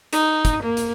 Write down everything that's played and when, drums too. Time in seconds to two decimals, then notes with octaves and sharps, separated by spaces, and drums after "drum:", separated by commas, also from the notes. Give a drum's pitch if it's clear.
0.13 D#4, drum: hi-hat
0.45 drum: kick, hi-hat
0.63 A#3
0.77 drum: hi-hat